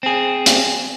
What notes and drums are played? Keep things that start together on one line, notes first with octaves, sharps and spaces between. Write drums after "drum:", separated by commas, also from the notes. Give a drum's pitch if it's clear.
C4 G#4
drum: hi-hat